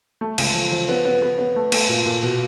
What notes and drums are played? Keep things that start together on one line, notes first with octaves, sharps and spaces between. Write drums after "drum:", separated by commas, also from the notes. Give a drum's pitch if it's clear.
A3
C#2, drum: cymbal
F3
F3
B3
B3
B3
B3
A3
A3, drum: cymbal
A#2
A#2
B2